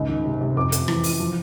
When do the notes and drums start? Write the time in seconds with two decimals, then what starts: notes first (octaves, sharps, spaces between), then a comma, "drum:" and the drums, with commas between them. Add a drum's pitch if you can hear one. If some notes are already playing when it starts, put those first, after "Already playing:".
Already playing: C#2 G#2
0.09 D#3
0.25 C3
0.41 C3
0.57 F2 D6
0.72 F2, drum: hi-hat
0.88 E3, drum: rim click
1.04 E3, drum: open hi-hat
1.20 F3